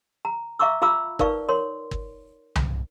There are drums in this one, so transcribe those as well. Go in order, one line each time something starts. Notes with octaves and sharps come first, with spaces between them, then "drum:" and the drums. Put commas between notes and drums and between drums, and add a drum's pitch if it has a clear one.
A#5
E5 F5 A#5 C#6 D6 E6
F4 F5 A#5 B5 D6 E6
D#4 A#4 B4 D5 F5 C#6, drum: kick
A#4 C#5 C6
drum: kick
drum: tom C2